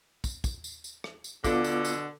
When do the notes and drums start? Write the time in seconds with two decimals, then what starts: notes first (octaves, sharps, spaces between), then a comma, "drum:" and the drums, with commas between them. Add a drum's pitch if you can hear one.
0.24 drum: kick, tambourine
0.44 drum: kick, tambourine
0.64 drum: tambourine
0.84 drum: tambourine
1.04 drum: rim click
1.24 drum: tambourine
1.44 B2 D3 B3 F4 D6, drum: kick, tambourine
1.64 drum: tambourine
1.85 drum: tambourine